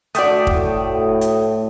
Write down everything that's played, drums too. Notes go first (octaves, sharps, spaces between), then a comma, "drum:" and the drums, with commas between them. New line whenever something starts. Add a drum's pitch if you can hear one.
A3 F#4 D5 G5 D#6, drum: hi-hat
A2, drum: kick
drum: hi-hat